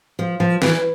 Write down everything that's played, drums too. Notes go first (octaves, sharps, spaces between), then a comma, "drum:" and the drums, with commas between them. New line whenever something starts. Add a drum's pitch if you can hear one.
F3
F3
E3, drum: snare